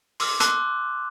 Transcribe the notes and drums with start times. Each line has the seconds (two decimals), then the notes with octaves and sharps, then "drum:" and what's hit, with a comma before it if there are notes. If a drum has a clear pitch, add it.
0.20 C6 D6 E6 F6, drum: open hi-hat
0.40 A5 C6 D6 E6 F#6, drum: hi-hat